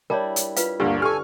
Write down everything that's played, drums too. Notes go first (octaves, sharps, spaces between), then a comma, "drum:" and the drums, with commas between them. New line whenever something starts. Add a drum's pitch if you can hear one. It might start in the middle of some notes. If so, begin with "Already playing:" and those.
G3 D4 E4 A#4 C#5
drum: hi-hat
F4 B4 F5, drum: hi-hat
D2 G2 D3 A#3 G4 C#6 E6
G4 A4 G#5 C#6 F6